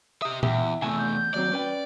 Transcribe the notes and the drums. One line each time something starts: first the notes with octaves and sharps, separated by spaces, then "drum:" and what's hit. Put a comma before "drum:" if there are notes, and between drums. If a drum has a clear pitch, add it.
G4 D#5 E5
E2 E4 G4, drum: tom A#2
E2 C3 A3 G#5 E6
G6
D#2 F#3 C4 D5
C#4 B4 G5